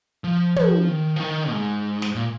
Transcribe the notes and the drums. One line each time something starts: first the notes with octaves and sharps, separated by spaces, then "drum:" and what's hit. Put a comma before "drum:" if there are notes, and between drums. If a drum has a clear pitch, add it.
F3
F3, drum: tom
D#3
F3
D#3
G#2
drum: snare
A#2